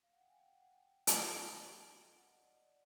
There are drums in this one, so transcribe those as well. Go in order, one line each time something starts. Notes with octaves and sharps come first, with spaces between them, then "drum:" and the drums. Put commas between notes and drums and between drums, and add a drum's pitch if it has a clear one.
F5
F#5
G5
G#5
G5
F#5
G5
drum: hi-hat
G5
F#5
D#5
D5
D#5
D5